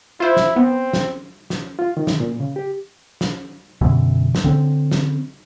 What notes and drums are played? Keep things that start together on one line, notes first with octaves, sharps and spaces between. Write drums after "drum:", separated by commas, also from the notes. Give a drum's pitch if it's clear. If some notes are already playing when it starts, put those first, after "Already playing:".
E4 F4 C5
drum: snare
B3 C4
drum: snare
drum: snare
F4
D#3
drum: snare
A#2
C#3
G4
drum: snare
F#2 B2 D3 E3
drum: snare
D3 C4
drum: snare